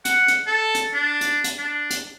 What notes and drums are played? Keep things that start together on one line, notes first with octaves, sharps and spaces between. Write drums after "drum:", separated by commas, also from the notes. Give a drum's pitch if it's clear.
F#5, drum: hi-hat
drum: hi-hat
A4
drum: hi-hat
D4
drum: hi-hat
drum: hi-hat
D4
drum: hi-hat